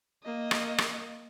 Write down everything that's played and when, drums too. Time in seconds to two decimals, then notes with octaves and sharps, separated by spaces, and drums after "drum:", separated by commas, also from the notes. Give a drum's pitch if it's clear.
0.24 A#3 D#5
0.51 drum: rim click
0.78 drum: rim click